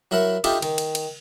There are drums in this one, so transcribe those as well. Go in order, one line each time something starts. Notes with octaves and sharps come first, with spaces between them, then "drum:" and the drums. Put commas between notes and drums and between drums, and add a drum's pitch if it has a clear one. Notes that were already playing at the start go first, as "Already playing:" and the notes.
F#3 E4 A#4 E5 F#5
D4 D#4 F4 G4 A4 E5, drum: cymbal
D#3, drum: cymbal
drum: cymbal
drum: cymbal